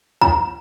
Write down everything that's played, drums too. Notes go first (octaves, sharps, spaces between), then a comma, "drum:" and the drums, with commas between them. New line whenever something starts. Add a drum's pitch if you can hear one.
A#5, drum: kick